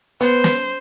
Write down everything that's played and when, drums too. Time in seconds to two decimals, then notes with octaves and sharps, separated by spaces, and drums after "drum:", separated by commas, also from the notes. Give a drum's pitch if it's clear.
0.21 B3 C5, drum: hi-hat
0.44 drum: snare